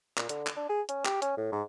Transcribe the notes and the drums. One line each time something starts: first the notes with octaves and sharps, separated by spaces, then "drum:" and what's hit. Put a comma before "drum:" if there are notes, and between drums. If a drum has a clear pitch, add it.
A#2, drum: clap
D3, drum: hi-hat
drum: clap
D4
G#4
C#4, drum: hi-hat
G4, drum: clap
C#4, drum: hi-hat
A2
G#2